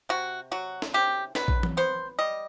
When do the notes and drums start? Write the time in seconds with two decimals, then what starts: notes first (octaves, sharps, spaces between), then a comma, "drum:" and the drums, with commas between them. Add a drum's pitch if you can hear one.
0.09 C3 F#4
0.51 F#3 F#4
0.82 drum: snare
0.94 C3 G4
1.35 F#3 B4, drum: snare
1.48 drum: kick A#1
1.63 drum: tom E3
1.77 B3 C5
2.19 G3 D#5